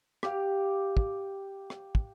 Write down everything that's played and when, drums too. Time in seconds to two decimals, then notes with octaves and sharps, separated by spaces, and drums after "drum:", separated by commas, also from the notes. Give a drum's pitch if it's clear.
0.23 G4 F5, drum: rim click
0.97 drum: kick
1.70 drum: rim click
1.95 drum: kick